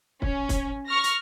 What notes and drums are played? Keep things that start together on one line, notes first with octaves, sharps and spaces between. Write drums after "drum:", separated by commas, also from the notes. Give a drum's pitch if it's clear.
C#4, drum: kick
drum: kick, hi-hat
C#6 F6 A#6
drum: hi-hat